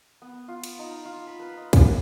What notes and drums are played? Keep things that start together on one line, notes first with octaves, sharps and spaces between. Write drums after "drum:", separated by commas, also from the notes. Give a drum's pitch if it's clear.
B3
F4
drum: cymbal
D#4
F4
B5
B4
D#5
F#5, drum: kick, cymbal